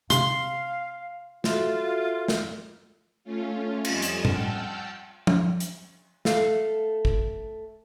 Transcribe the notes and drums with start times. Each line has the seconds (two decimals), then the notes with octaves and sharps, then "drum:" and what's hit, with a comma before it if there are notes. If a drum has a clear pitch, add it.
0.10 C3 F5 C6, drum: hi-hat
1.44 F4 F#4 A4 E5, drum: snare
2.28 drum: snare
3.24 A3 C#4 F4
3.85 F2 G3 D#5 G#5, drum: cymbal
4.02 drum: hi-hat
4.25 F#5 G5 A5 E6 F6 G6, drum: tom A2
5.27 drum: tom F3
5.60 drum: hi-hat
6.25 A3 A4 F5, drum: snare
7.05 drum: kick